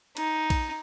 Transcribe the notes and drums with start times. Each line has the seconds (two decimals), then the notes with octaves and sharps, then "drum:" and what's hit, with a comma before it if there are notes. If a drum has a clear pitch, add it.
0.17 D#4, drum: cymbal
0.50 drum: kick A#1, cymbal